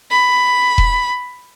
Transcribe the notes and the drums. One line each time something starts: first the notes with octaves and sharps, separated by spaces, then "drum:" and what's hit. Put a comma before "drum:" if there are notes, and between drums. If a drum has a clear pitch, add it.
B5
drum: kick E1